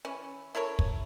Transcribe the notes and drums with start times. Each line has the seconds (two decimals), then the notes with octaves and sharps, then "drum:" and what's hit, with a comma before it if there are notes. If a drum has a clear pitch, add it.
0.05 E3 C#4
0.55 E4 A4 A#4 C#5
0.79 drum: kick